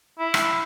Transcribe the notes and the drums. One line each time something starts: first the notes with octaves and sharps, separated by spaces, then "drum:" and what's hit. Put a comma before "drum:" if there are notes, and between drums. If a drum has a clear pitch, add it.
E4
drum: rim click